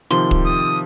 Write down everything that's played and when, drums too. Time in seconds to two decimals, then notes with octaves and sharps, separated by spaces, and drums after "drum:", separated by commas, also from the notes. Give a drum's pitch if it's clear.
0.11 C3 D#3 F3 C6
0.31 drum: kick
0.45 D#6